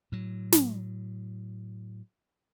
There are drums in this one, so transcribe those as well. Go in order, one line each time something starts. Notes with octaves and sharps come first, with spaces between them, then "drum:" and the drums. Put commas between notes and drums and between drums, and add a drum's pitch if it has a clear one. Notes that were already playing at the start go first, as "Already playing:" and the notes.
A2 F#3
drum: snare